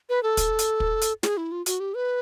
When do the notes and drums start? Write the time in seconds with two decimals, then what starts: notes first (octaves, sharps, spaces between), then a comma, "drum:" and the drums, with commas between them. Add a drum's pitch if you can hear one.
0.09 B4
0.23 A4
0.37 drum: kick, hi-hat
0.59 drum: hi-hat
0.80 drum: kick
1.02 drum: hi-hat
1.23 G#4, drum: snare
1.37 E4
1.52 F4
1.66 F#4, drum: hi-hat
1.80 G4
1.94 B4